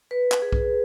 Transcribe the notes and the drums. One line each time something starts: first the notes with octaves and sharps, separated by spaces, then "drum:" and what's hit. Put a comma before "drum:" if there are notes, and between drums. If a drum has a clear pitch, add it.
B4
drum: clap
G#4
drum: kick B1